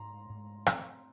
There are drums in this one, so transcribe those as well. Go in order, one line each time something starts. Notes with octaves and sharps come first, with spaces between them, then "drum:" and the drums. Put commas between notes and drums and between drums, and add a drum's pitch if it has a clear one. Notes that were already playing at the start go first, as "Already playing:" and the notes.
Already playing: G#2 G#3 A#5 C6
G#2
C4, drum: rim click